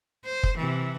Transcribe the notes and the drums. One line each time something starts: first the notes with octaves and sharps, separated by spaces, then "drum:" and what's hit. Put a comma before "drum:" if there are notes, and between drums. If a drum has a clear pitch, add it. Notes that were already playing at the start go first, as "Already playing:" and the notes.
C5
drum: kick
C3 E3